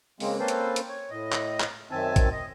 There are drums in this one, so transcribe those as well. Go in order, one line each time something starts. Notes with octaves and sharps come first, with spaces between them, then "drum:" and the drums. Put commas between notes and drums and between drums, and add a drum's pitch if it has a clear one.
C#3 G#3 A#3 C4, drum: open hi-hat
A#3 C4 C#4 A4 B4 C5
drum: hi-hat
drum: hi-hat
C#5
A2 D#5
drum: clap
drum: clap
F#2 D#3 C4 E5 G#5 A5
drum: kick, hi-hat
D#5